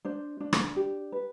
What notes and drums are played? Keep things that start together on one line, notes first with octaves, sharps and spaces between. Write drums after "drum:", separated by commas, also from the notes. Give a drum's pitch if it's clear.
D4 C5
D4
drum: rim click
G4
B4